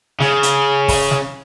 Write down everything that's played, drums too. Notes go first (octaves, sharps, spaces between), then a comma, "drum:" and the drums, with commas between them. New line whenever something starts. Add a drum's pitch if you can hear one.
C#3, drum: snare
drum: hi-hat
drum: kick, open hi-hat
drum: snare